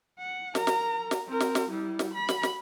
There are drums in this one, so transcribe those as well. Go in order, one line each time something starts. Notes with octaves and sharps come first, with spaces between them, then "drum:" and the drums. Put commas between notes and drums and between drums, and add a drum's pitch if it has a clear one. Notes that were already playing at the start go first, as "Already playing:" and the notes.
F#5
A#4 A#5, drum: snare
drum: snare
drum: snare
C4 A#4
drum: snare
drum: snare
G3 E4
drum: snare
B5
drum: snare
drum: snare